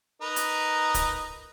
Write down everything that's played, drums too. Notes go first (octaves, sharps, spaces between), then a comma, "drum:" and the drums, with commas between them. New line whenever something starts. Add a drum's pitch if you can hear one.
D#4 A#4 B4
drum: hi-hat
drum: kick D1, hi-hat